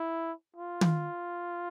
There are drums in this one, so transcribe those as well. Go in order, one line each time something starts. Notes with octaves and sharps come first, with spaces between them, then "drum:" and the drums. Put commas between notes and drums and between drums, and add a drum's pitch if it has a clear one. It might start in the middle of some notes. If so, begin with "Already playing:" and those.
Already playing: E4
F4
drum: tom